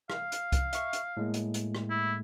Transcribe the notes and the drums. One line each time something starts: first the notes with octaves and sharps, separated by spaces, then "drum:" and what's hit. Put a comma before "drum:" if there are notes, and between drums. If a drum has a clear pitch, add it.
F5, drum: rim click
drum: hi-hat
drum: kick C2, hi-hat
E5 C#6, drum: hi-hat
drum: hi-hat
A2 G#3 A#3
drum: hi-hat
drum: hi-hat
drum: rim click
E4